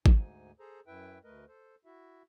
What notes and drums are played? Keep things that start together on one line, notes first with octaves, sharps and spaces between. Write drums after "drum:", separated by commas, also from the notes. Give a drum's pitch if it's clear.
D2 G#2 D#4 G#5, drum: kick
G#4 A4 C5 A#5
F#2 E4 B4 E5 G5
D2 A3 A#4 B4 D#5
A4 C5
E4 F#4 E5